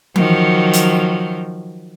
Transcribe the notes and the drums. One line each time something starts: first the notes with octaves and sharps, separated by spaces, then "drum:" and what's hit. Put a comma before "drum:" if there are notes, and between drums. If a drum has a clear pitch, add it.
D#3 F3 F#3, drum: tom E3
drum: hi-hat